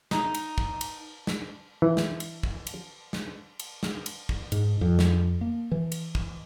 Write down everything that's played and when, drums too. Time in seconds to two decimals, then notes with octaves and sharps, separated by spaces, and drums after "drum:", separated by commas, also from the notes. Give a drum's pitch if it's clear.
0.11 D#4, drum: snare
0.34 drum: cymbal
0.58 drum: kick
0.81 drum: cymbal
1.27 drum: snare
1.82 E3
1.97 drum: snare
2.20 drum: cymbal
2.43 drum: kick
2.67 drum: cymbal
3.13 drum: snare
3.60 drum: cymbal
3.83 drum: snare
4.06 drum: cymbal
4.29 drum: kick
4.52 G#2, drum: cymbal
4.81 F2
4.99 drum: snare
5.41 A#3
5.72 E3
5.92 drum: cymbal
6.15 drum: kick